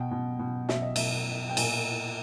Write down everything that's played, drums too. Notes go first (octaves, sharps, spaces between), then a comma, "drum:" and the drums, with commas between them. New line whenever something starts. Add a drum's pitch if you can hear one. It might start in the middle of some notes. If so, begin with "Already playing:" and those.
Already playing: B2 G5
B2
B2
B2 E5, drum: snare
D#5
B2 E5, drum: cymbal
B2
G5
A#2 G#5, drum: cymbal